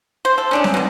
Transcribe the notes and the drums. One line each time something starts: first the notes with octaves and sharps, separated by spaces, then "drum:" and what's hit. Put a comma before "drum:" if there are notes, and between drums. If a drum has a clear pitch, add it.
C5
A4
C#4 D4 G#4
drum: snare C4
B2 D#3